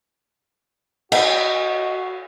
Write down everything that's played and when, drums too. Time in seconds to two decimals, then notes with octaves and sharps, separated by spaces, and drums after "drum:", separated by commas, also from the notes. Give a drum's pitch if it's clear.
1.12 F#4 D#5 F#5, drum: cymbal